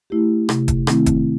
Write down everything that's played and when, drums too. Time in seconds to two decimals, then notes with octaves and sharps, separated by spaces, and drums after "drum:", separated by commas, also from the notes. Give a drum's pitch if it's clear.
0.10 A3 E4 G4
0.49 C3, drum: rim click
0.68 drum: kick E1, hi-hat
0.87 D#3 A3 C4 E4, drum: rim click
1.06 drum: kick E1, hi-hat